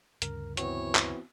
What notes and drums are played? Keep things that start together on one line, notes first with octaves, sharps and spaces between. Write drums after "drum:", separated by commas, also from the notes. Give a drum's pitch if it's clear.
D2 G2 C#3 A#4, drum: hi-hat
E3 B3 C4 F#4 C#5, drum: hi-hat
drum: clap